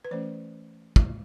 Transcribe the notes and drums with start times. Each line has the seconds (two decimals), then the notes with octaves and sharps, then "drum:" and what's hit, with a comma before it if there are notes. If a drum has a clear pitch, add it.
0.05 B4
0.11 E3 A3 C#4 C5
0.96 drum: kick